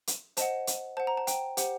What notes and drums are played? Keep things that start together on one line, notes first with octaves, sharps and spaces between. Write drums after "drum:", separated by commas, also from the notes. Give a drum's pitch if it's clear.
drum: hi-hat
C5 D#5 F#5 A5, drum: hi-hat
drum: hi-hat
C5 F#5 A5
A#5
A5
G5, drum: hi-hat
G4 C5 F#5, drum: hi-hat